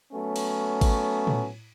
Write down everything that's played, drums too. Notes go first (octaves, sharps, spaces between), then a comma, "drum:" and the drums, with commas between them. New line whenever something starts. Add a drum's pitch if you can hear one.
F#3 A3 B3 C#4
drum: cymbal
drum: kick G#1, cymbal
drum: tom